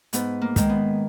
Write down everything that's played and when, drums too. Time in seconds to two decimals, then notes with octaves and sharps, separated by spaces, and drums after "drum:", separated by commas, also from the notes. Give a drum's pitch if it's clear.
0.13 G#2 B3, drum: hi-hat
0.42 A#3
0.56 D#3 G#3, drum: kick, hi-hat
0.69 B3